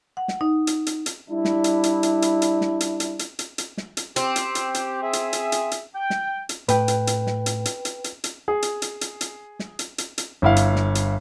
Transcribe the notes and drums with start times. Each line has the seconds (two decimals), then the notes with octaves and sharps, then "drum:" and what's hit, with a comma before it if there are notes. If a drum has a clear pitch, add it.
0.17 F#5
0.28 drum: snare
0.41 D#4
0.67 drum: hi-hat
0.87 drum: hi-hat
1.06 drum: hi-hat
1.29 G3 D4 E4
1.45 drum: snare
1.64 drum: hi-hat
1.83 drum: hi-hat
2.03 drum: hi-hat
2.22 drum: hi-hat
2.42 drum: hi-hat
2.61 drum: snare
2.80 drum: hi-hat
3.00 drum: hi-hat
3.19 drum: hi-hat
3.39 drum: hi-hat
3.58 drum: hi-hat
3.77 drum: snare
3.97 drum: hi-hat
4.16 C4 G4, drum: hi-hat
4.36 drum: hi-hat
4.55 drum: hi-hat
4.74 drum: hi-hat
5.02 G#4 E5
5.13 drum: hi-hat
5.33 drum: hi-hat
5.52 drum: hi-hat
5.71 drum: hi-hat
5.95 G5
6.10 drum: snare
6.49 drum: hi-hat
6.68 A2 B4 G5, drum: hi-hat
6.88 drum: hi-hat
7.07 drum: hi-hat
7.27 drum: snare
7.46 drum: hi-hat
7.65 drum: hi-hat
7.85 drum: hi-hat
8.04 drum: hi-hat
8.24 drum: hi-hat
8.48 G#4
8.62 drum: hi-hat
8.82 drum: hi-hat
9.01 drum: hi-hat
9.21 drum: hi-hat
9.59 drum: snare
9.79 drum: hi-hat
9.98 drum: hi-hat
10.18 drum: hi-hat
10.42 G1 E4 F5
10.56 drum: hi-hat
10.76 drum: snare
10.95 drum: hi-hat